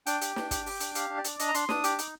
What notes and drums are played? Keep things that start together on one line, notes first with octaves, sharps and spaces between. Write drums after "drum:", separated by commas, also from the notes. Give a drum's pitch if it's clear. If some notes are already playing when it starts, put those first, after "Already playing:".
D4 G5, drum: hi-hat
G4, drum: hi-hat
D4, drum: snare
G4, drum: kick, hi-hat
G4, drum: open hi-hat
D4, drum: hi-hat
G4 F5, drum: hi-hat
D4
D5
D4, drum: hi-hat
D4 D#5, drum: hi-hat
A#5
D4 C6, drum: hi-hat
D4 D#6, drum: snare
G4 D6, drum: hi-hat
D#4, drum: hi-hat